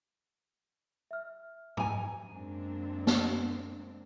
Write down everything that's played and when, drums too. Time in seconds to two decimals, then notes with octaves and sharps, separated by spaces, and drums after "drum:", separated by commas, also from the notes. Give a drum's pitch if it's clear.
1.11 E5 F6
1.77 G#5 A#5, drum: tom G#2
2.27 F#2 C#3 G#3 A#3 C4 D4
3.07 drum: snare